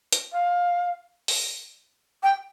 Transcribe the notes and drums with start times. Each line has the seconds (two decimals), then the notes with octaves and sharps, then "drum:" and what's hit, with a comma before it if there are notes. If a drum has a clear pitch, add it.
0.12 drum: hi-hat
0.33 F5
1.28 drum: open hi-hat
2.23 G5